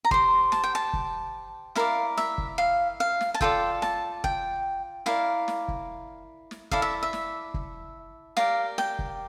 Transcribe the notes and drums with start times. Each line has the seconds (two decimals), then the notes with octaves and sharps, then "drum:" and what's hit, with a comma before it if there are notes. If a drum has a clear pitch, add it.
0.05 A#5
0.11 G4 C5 C6, drum: kick
0.52 A5, drum: snare
0.64 G5
0.75 A5
0.93 drum: kick
1.75 E4 A#4 D5 F5, drum: snare
2.17 E5, drum: snare
2.38 drum: kick
2.58 F5
3.00 F5
3.21 drum: snare
3.34 A5
3.41 F4 A4 D5 G5, drum: kick
3.82 A5, drum: snare
4.24 G5, drum: kick
5.06 E4 A#4 D5 F5, drum: snare
5.48 drum: snare
5.68 drum: kick
6.51 drum: snare
6.71 E4 A4 D5 F5, drum: kick
6.82 E5
7.03 E5
7.13 drum: snare
7.54 drum: kick
8.37 G4 A#4 D5 F5, drum: snare
8.78 G5, drum: snare
8.99 drum: kick